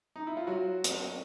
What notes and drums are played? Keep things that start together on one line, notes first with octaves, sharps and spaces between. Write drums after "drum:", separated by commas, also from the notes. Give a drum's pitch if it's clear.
D#4
E4
F4
F#3 F#4
drum: hi-hat